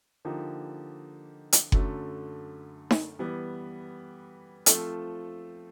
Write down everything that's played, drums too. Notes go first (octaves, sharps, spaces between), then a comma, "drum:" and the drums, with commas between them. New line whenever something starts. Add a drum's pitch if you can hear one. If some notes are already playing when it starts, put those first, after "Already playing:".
D3 F3 A#3 D#4 G4
drum: hi-hat
F#2 D3 F#3 A3, drum: kick F#1
drum: snare D#4
E3 G3 B3
F3 A3 C4 F4 A4, drum: hi-hat